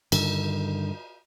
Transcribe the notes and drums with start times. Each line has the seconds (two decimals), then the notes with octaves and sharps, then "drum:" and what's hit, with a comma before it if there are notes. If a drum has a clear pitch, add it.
0.12 G2 D3 D#3, drum: cymbal